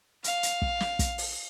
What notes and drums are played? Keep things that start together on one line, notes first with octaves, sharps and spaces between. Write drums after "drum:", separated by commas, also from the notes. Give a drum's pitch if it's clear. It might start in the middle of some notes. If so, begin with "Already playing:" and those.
F5, drum: hi-hat
drum: hi-hat
drum: kick
drum: snare
drum: kick, hi-hat
drum: open hi-hat